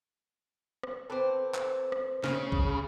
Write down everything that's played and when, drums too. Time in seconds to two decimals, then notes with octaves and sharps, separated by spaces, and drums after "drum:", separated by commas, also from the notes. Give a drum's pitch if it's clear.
0.83 drum: rim click
1.10 C4 A4 B4 C5 D6
1.54 drum: clap
1.92 drum: rim click
2.24 C#3 F6, drum: snare
2.52 drum: kick A#1